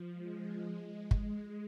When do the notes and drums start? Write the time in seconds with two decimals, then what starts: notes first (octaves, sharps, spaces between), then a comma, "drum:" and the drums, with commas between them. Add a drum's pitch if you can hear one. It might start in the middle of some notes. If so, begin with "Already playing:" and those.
Already playing: F3
0.13 G#3
1.11 G#3, drum: kick